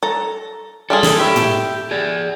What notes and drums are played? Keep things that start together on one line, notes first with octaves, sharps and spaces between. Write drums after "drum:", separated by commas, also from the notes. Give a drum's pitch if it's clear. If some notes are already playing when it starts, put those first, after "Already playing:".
A4 A#5
G3 F4 G#4 A4
drum: snare
A3 E4 G4
drum: tom
G#4 D5